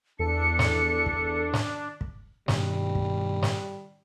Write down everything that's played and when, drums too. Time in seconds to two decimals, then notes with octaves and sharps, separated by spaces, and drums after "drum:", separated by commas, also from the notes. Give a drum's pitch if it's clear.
0.19 E2 D4 A4 C#7
0.59 drum: snare
1.06 drum: kick
1.53 drum: snare
2.01 drum: kick
2.48 G2 B2 D#3 G3, drum: snare
2.95 drum: kick
3.43 drum: snare